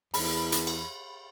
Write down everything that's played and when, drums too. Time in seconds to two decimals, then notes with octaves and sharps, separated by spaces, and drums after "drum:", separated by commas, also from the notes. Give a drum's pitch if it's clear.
0.14 E2 B5, drum: open hi-hat
0.52 drum: hi-hat
0.67 drum: cymbal